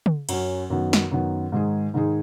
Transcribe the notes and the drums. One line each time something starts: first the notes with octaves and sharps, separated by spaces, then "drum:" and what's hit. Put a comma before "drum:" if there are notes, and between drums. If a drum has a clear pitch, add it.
drum: tom
F#2 F#3 C#4, drum: cymbal
F#2 D#3 B3
drum: snare
F#2 D#3 B3
G#2 D#3 G#3 D#4 G#4
G#2 D#3 G#3 D#4 G#4